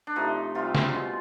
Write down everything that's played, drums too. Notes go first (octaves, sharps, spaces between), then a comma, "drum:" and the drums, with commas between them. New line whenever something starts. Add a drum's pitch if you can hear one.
D4
C3 F3 A3 D#4
C3 E3 G3 F4
drum: snare
B2 G#3